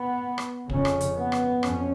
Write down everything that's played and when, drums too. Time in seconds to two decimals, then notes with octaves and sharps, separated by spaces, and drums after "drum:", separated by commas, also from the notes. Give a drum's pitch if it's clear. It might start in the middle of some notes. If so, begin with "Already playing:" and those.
Already playing: B3
0.38 drum: rim click
0.70 F2 C#3 C#4, drum: kick
0.85 drum: rim click
1.01 drum: hi-hat
1.16 B3
1.32 drum: rim click
1.63 F2 C#4, drum: rim click